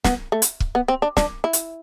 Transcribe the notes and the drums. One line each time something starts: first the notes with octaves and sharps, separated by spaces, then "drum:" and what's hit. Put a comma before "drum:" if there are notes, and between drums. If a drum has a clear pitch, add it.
B3, drum: snare
A3
drum: hi-hat
drum: kick
B3
C4
D4
D4, drum: snare
E4
drum: hi-hat